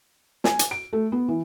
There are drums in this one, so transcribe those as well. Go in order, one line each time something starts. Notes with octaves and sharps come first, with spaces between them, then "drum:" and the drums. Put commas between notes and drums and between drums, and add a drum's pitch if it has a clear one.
G#5, drum: snare
drum: hi-hat
D7
A3
B3
E3